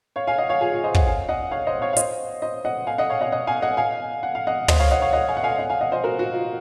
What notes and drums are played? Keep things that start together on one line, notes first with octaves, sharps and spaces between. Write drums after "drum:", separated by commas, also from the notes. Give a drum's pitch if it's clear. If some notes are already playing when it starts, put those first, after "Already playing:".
C#5 F5
F5 G#5
D#5 F#5
C#5 F5
F4 G#4
F4
C5 D#5
D#5 F#5, drum: kick
F5 G#5
D#5 F#5
C#5 F5
C5 D#5
C#5 F5
F5
C5 D#5, drum: hi-hat
C5 D#5
D#5 F#5
F5 G#5
D#5 F#5
C#5 F5
D#5 F#5
D#5 F#5
F5 G#5
D#5 F#5
F5 G#5
F#5
F5
D#5 F#5
C5 D#5, drum: tom
C#5 F5
D#5 F#5
C#5 F5
D#5 F#5
F5 G#5
F#5
F5 G#5
D#5 F#5
F5 G#5
D#5 F#5
C5 D#5
F#4 A#4
F#4
F4